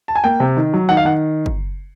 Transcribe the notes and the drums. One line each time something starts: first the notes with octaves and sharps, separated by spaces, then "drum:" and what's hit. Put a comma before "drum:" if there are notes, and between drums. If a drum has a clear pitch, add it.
A5
G#5
A#3 G5
C3
D#3
F#3
D#3 F#5
F5
D#3 F#5
drum: kick